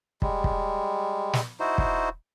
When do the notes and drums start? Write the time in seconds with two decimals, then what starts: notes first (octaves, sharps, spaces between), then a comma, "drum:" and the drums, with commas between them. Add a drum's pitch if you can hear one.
0.22 G3 G#3, drum: kick
0.44 drum: kick
1.33 drum: snare
1.60 D#4 E4 F#4 C5
1.78 drum: kick